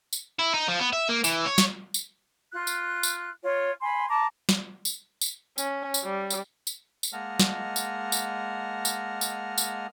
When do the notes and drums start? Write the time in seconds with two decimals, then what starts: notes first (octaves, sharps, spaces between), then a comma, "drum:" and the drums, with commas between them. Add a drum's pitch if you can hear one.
0.13 drum: tambourine
0.39 E4
0.53 D#4
0.68 F3
0.79 B3
0.93 E5
1.09 A#3
1.24 E3, drum: tambourine
1.46 C#5
1.58 drum: snare
1.94 drum: tambourine
2.52 F4 F#6
2.67 drum: tambourine
3.03 drum: tambourine
3.43 F4 C#5
3.81 G#5 B5 C6
4.09 A5 A#5 D6
4.49 drum: snare
4.85 drum: tambourine
5.21 drum: tambourine
5.58 C#4, drum: tambourine
5.94 drum: tambourine
6.04 G3
6.30 drum: tambourine
6.67 drum: tambourine
7.03 drum: tambourine
7.13 G#3 A#3 D#5 F#5 A5 F6
7.40 drum: snare
7.76 drum: tambourine
8.12 drum: tambourine
8.85 drum: tambourine
9.21 drum: tambourine
9.58 drum: tambourine